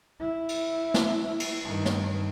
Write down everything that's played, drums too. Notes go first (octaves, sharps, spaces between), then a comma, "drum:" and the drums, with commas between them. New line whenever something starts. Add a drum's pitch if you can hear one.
E4
drum: cymbal
drum: snare
drum: cymbal
G2 D#3
drum: snare